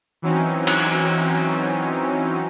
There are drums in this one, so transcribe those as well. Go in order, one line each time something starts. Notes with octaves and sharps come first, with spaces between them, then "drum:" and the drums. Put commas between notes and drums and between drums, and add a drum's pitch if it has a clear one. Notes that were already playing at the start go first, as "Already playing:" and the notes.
E3 F#3 C4 C#4 D#4
drum: cymbal